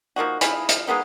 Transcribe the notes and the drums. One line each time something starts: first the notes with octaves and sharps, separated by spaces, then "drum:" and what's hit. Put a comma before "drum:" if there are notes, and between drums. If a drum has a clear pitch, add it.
F3 A#3 D#4 F#4
F3 E4 G#4 B5, drum: hi-hat
F3, drum: hi-hat
G#3 A#3 B3 D#4